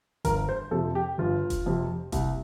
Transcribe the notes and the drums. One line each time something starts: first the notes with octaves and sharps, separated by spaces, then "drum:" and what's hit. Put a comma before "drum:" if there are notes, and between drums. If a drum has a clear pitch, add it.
G1 A#4, drum: kick F1, hi-hat
C5
F2 C3 A4
G4
G1 F4
drum: kick F1, hi-hat
F2 C3
C2, drum: kick F1, hi-hat